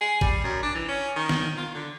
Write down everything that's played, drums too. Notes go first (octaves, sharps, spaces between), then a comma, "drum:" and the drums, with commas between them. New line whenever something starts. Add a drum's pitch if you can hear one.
G#4
G3, drum: kick G#1
F#2
D4
E3
C#4
D#3
drum: snare
F4
D3